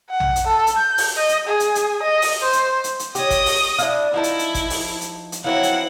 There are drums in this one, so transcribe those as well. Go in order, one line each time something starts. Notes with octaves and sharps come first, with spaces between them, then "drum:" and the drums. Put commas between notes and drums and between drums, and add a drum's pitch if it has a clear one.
F#5
drum: tom A#1
drum: hi-hat
A4
drum: hi-hat
G6
drum: open hi-hat
D#5
drum: hi-hat
G#4
drum: hi-hat
drum: hi-hat
D#5
drum: open hi-hat
C5
drum: hi-hat
drum: hi-hat
drum: hi-hat
G4 C#5 D#5 D#6, drum: hi-hat
drum: kick G#1, hi-hat
drum: open hi-hat
D4 E4 F5, drum: hi-hat
F3 D#4 E4 A5
drum: hi-hat
drum: hi-hat
drum: kick G#1, hi-hat
drum: open hi-hat
drum: hi-hat
drum: hi-hat
F3 F#3 C4 E4 F#5
drum: hi-hat